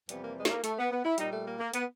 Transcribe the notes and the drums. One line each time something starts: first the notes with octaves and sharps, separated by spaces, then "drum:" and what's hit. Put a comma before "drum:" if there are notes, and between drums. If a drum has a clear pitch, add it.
F2 C3 E3 G3 B3, drum: hi-hat
A#3
G#3
A3, drum: snare
A#3
A3, drum: hi-hat
B3
B3
E4
A#2 G3 D#4, drum: hi-hat
A3
A#3
A#3
B3, drum: hi-hat